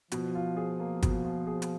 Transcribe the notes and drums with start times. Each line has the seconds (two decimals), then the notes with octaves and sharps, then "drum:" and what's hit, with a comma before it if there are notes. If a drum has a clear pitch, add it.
0.12 B2 F3, drum: hi-hat
0.35 F4
0.57 G#4
0.80 A#3
1.02 B2, drum: kick, hi-hat
1.25 F4
1.47 G#4
1.62 drum: hi-hat